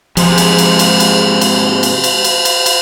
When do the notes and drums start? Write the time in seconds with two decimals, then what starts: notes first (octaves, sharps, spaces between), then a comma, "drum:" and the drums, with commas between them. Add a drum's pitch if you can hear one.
0.17 G#2 C3 F3 G#3, drum: cymbal
0.38 drum: cymbal
0.58 drum: cymbal
0.79 drum: cymbal
1.00 drum: cymbal
1.41 drum: cymbal
1.83 drum: cymbal
2.04 drum: cymbal
2.24 drum: cymbal
2.45 drum: cymbal
2.66 drum: cymbal